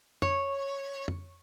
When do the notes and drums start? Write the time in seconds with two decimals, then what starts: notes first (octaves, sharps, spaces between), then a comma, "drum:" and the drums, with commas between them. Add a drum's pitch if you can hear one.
0.22 C#5, drum: tom
1.08 drum: tom